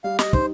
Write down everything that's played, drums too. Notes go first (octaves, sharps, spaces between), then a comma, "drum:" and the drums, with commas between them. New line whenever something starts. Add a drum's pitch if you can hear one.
G3 F5
G3 D#5, drum: snare
D#4 C5, drum: kick